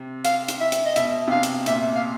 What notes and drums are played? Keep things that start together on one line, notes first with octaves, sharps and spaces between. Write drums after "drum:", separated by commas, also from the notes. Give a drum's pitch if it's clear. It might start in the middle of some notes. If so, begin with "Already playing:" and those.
Already playing: C3
F5, drum: hi-hat
drum: hi-hat
E5
drum: hi-hat
D#5
B2 E5, drum: hi-hat
C3
B2 F5
drum: hi-hat
A#2 E5, drum: hi-hat
F5